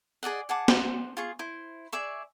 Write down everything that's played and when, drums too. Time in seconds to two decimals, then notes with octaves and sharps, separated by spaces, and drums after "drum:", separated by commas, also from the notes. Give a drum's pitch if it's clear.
0.23 G#4 D5 D#5 F#5
0.49 G#4 F#5 A5 D6
0.68 C5 F#5, drum: snare B3
1.17 F4 G#4 C#6
1.39 E4 C5
1.92 G#4 D5 E5 C#6